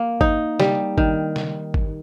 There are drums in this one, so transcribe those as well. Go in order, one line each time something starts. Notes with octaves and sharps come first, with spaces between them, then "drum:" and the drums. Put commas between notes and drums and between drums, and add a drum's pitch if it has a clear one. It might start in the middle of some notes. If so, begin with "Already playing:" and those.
Already playing: A#3
D#4, drum: kick G#1
G3, drum: snare C#3
D#3, drum: kick G#1
drum: snare C#3
drum: kick G#1